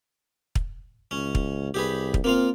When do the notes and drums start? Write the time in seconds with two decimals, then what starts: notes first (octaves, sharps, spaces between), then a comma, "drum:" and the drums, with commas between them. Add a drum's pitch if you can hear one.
0.55 drum: kick
1.11 C#2 C#4
1.35 drum: kick
1.74 C2 G4 G#4 B4
2.14 drum: kick
2.24 A#3 C4 F4 F5